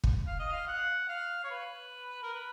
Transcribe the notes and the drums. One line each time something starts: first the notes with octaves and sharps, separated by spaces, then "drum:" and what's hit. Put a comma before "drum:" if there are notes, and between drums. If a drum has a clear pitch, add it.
drum: kick
F5
D#5
F5
F#5
F5
C#5
B4
A#4
B4